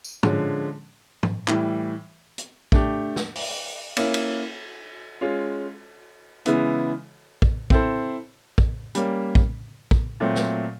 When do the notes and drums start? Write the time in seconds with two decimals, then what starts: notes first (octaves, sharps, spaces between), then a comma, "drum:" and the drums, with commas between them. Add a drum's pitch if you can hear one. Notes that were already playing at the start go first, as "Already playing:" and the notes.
0.04 drum: tambourine
0.23 D3 F3 G#3 C#4, drum: tom
1.23 drum: tom
1.48 A2 E3 G3, drum: clap
2.38 drum: hi-hat
2.72 A3 D4 G4, drum: kick
3.16 drum: snare
3.35 drum: open hi-hat
3.97 A#3 C#4 E4, drum: cymbal
4.14 drum: cymbal
5.21 G#3 C#4 F4
6.46 C#3 E3 G#3 B3 E4, drum: hi-hat
7.42 drum: kick
7.70 C4 E4 A4 C5, drum: kick
8.58 drum: kick
8.95 G3 A#3 C#4, drum: hi-hat
9.35 drum: kick
9.91 drum: kick
10.20 A#2 F#3 A3 C4
10.35 drum: snare